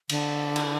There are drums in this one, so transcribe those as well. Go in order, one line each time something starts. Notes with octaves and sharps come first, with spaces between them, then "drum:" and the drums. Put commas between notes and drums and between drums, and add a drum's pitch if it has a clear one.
D3, drum: cymbal
drum: cymbal